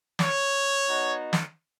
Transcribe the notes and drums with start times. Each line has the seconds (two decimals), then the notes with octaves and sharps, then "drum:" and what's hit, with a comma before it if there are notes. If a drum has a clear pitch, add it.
0.19 C#5, drum: snare
0.87 B3 D#4 F#4
1.33 drum: snare